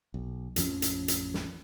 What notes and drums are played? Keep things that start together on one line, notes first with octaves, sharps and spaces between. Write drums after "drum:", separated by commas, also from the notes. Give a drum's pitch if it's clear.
B1
A1 F2 F3 C#4, drum: hi-hat
drum: hi-hat
drum: hi-hat
drum: snare